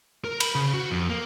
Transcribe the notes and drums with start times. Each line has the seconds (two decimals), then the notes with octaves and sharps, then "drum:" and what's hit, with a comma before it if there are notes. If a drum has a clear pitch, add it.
0.24 A#4
0.40 B5, drum: cymbal
0.55 C#3
0.74 F#4
0.91 F2
1.10 A#3